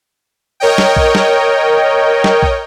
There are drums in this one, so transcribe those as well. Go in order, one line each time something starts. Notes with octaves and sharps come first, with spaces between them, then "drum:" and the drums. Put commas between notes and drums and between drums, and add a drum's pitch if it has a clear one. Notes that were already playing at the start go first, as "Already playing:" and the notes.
A#4 C#5 D#5 G5
drum: snare
drum: kick A#1
drum: snare
drum: snare
drum: kick A#1